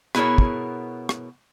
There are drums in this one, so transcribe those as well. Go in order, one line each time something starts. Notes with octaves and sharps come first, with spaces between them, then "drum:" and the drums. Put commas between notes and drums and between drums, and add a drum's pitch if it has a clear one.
B2 B3 E4 G#4 A#4 C#5, drum: rim click
drum: kick
drum: rim click